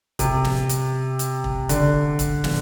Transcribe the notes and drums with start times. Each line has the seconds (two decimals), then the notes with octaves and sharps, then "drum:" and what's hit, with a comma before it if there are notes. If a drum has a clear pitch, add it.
0.19 C3, drum: kick, hi-hat
0.44 drum: snare
0.69 drum: hi-hat
1.19 drum: hi-hat
1.44 drum: kick
1.69 D3, drum: kick, hi-hat
2.19 drum: kick, hi-hat
2.44 drum: snare